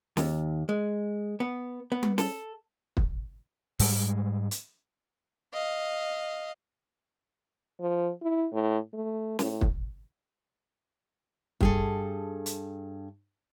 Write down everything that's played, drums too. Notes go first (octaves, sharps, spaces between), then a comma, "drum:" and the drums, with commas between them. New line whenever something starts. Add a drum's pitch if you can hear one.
D#2, drum: snare
G#3
B3
B3
drum: tom G3
A4, drum: snare
drum: kick
G#2 G3 G#3, drum: open hi-hat
drum: hi-hat
D#5 F5
F3
E4
A2
A3
A2, drum: snare
drum: kick
G2 G#4 A4, drum: kick
drum: hi-hat